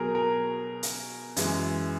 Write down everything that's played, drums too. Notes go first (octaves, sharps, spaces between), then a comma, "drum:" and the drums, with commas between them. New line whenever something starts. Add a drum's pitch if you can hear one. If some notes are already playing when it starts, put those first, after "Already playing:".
Already playing: B2 F#3 G#4 A#4
A#4
drum: hi-hat
F#2 E3 G#3, drum: hi-hat